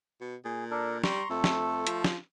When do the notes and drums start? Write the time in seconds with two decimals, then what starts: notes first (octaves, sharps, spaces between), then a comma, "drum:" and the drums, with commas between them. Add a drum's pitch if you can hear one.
0.21 B2
0.45 A#2 G#4
0.71 D4 A4 A#4
1.04 G3 A#5 C6 C#6, drum: snare
1.30 F2 A3 A4
1.44 drum: snare
1.87 F3, drum: hi-hat
2.04 drum: snare